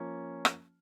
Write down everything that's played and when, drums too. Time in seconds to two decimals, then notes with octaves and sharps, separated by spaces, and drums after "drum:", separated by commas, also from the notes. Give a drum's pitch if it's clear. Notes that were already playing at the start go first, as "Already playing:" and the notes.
Already playing: F3 A#3 C#4
0.45 drum: rim click